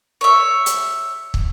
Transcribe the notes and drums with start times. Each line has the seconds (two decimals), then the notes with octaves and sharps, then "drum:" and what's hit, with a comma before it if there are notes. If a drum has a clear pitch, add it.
0.21 C#5 E5
0.66 drum: hi-hat
1.34 drum: kick